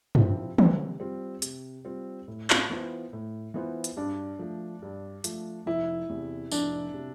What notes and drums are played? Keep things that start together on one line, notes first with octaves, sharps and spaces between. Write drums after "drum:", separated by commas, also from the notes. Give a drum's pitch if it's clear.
C3 F3 C4 E4, drum: tom
C3, drum: tom
G3 C4 F4
C3, drum: hi-hat
G3 C4 F4
A2
drum: clap
E3 B3 F4 C5
A2
E3 B3 F4 C5
drum: hi-hat
G2 D4
F3 A3
G2
F3 A3, drum: hi-hat
F1 E4
E2 C3
F1 D4, drum: tambourine
C3